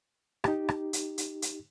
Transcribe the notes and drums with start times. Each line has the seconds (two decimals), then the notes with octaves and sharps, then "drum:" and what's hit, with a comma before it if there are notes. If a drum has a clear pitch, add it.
0.44 D#4 G4, drum: rim click
0.69 drum: rim click
0.93 drum: hi-hat
1.18 drum: hi-hat
1.42 drum: hi-hat